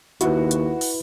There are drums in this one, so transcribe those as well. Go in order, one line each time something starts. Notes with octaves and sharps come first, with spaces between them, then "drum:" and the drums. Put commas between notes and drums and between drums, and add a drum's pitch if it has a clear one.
D#2 E4 F#4 B4, drum: hi-hat
drum: hi-hat
drum: open hi-hat